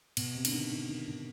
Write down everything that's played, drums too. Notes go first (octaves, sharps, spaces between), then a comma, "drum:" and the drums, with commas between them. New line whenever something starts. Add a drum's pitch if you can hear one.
B2, drum: cymbal
C3
D3, drum: cymbal
D#3
D#3
D#3
D#3